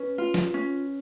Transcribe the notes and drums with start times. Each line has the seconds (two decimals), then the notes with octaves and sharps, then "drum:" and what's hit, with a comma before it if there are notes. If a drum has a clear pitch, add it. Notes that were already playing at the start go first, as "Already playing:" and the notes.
Already playing: C#4 B4
0.18 F4
0.34 drum: snare
0.54 C#4